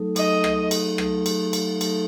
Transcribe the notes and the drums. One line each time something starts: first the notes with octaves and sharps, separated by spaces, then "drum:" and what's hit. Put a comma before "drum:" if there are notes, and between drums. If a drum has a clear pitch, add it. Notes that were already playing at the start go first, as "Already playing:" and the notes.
Already playing: F#3 A3 D#4 A4
F#3 A3 D#4 A4 D#5, drum: cymbal
drum: rim click
drum: cymbal
F#3 A3 D#4 A4, drum: rim click
drum: cymbal
drum: cymbal
F#3 A3 D#4 A4, drum: cymbal